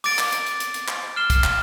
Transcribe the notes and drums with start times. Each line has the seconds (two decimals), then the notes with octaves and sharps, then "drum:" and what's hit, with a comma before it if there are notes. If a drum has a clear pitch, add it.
0.04 D6 A6 D7, drum: open hi-hat
0.19 drum: clap
0.32 drum: hi-hat
0.46 drum: hi-hat
0.60 drum: hi-hat
0.74 drum: hi-hat
0.88 drum: clap
1.16 F6 C7 E7 G7
1.30 drum: kick, hi-hat
1.44 drum: clap